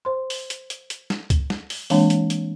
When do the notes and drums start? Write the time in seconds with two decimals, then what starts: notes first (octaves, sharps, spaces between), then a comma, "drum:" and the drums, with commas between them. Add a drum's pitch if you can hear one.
0.05 C5 C6
0.30 drum: open hi-hat
0.50 drum: hi-hat
0.70 drum: hi-hat
0.90 drum: hi-hat
1.10 drum: snare
1.30 drum: kick C#2, hi-hat
1.50 drum: snare
1.70 drum: open hi-hat
1.90 E3 G#3 A#3 C4 D4 C#5, drum: open hi-hat
2.10 drum: hi-hat
2.30 drum: hi-hat